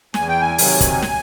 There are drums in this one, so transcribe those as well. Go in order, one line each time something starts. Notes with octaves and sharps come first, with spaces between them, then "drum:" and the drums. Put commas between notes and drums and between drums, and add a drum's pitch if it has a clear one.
E2 G#5, drum: snare
G5
G#5
C3 D#3 F#3, drum: open hi-hat
drum: kick, hi-hat
drum: snare